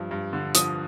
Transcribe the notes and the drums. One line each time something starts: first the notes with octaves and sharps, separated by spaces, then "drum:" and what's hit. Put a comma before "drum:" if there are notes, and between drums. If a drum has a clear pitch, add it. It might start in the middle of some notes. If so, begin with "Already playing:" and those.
Already playing: G2 F3
G2
D3
F3 D#6, drum: hi-hat